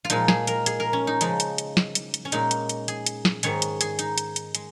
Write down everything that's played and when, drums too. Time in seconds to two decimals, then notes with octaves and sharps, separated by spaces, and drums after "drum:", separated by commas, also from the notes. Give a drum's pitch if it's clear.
0.05 F4
0.10 A#2 F3 G#3 D#4, drum: hi-hat
0.28 G#4, drum: snare
0.47 A#4, drum: hi-hat
0.66 G#4, drum: hi-hat
0.80 A#4
0.93 C#4
1.07 D#4
1.21 C#3 F3 G#3 D#4, drum: hi-hat
1.40 drum: hi-hat
1.58 drum: hi-hat
1.77 drum: snare
1.95 drum: hi-hat
2.14 drum: hi-hat
2.25 C#4
2.32 A#2 G#3 D#4, drum: hi-hat
2.51 drum: hi-hat
2.69 drum: hi-hat
2.88 G#4, drum: hi-hat
3.06 drum: hi-hat
3.25 drum: snare
3.43 G#2 D#3 G#3 C#5, drum: hi-hat
3.62 drum: hi-hat
3.81 G#4, drum: hi-hat
3.99 D#4, drum: hi-hat
4.18 drum: hi-hat
4.36 drum: hi-hat
4.55 G#3, drum: hi-hat